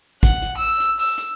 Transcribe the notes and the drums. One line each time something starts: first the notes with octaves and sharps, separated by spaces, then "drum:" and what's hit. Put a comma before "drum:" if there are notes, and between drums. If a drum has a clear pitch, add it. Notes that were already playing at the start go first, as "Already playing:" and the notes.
F#5, drum: kick, hi-hat
drum: hi-hat
E6
drum: hi-hat
E6, drum: open hi-hat
drum: hi-hat